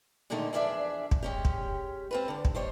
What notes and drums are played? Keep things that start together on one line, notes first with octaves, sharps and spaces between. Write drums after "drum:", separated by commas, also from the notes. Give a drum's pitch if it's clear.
A#2 D3 D#3 G#3 A3 D#4
E2 F3 D4 G#4 D5 E5
drum: kick
G#3 C#4 G4
drum: kick
C4 F4 B4
E2 D3
drum: kick
D#2 G3 C5 C#5